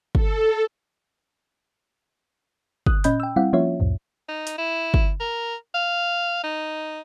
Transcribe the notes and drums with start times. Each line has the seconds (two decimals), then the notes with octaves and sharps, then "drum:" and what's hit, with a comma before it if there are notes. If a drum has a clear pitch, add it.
0.15 A4, drum: kick
2.86 D#6 F#6, drum: kick
3.04 A#2 C#4 D#5 B5 G6, drum: hi-hat
3.20 G5 E6
3.36 G3 C4 E4 F5 F#5
3.53 F3 A#3 C#4 F4 C#5 E5
3.80 C2 F2 A2
4.29 D#4
4.47 drum: hi-hat
4.58 E4
4.94 drum: kick
5.20 A#4
5.75 F5
6.44 D#4